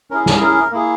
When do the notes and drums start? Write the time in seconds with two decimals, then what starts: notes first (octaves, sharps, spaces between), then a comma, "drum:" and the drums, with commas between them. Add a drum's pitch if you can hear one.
0.11 C#4 E4 G#4 A#4
0.26 drum: snare
0.41 A#4
0.72 A#3 E4 G#4